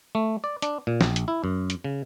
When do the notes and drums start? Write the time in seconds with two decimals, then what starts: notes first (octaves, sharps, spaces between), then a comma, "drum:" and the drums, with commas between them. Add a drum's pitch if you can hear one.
0.15 A3
0.44 D5
0.62 D4, drum: hi-hat
0.87 A#2
1.01 A#1, drum: snare
1.16 drum: hi-hat
1.28 E4
1.44 F#2
1.70 drum: hi-hat
1.84 C#3